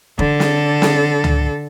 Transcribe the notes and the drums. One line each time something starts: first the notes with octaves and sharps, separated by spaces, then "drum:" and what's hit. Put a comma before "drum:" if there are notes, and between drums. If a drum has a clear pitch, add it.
D3 A4, drum: kick
drum: snare
drum: snare
drum: tom C#2